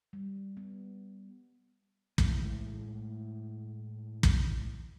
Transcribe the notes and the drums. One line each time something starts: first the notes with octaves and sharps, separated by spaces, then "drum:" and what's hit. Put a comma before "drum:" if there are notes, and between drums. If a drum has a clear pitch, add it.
G3
B3
A2 E3 G#3 A3, drum: kick
drum: kick